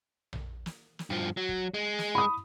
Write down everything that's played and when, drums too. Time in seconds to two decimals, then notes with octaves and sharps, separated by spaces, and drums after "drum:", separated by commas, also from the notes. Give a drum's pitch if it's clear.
0.33 drum: tom A#1
0.66 drum: snare
0.99 drum: snare
1.10 G2 F3
1.37 F#3
1.49 drum: kick
1.74 G#3
1.98 drum: snare
2.15 B5 D#6